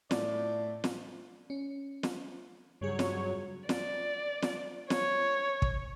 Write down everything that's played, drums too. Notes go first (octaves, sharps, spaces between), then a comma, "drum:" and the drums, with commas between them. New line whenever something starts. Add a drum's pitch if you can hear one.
A2 D5, drum: snare
drum: snare
C#4
drum: snare
G2 C#3 F#3 G3 G#4 C#5
drum: snare
D5, drum: snare
drum: snare
C#5, drum: snare
drum: kick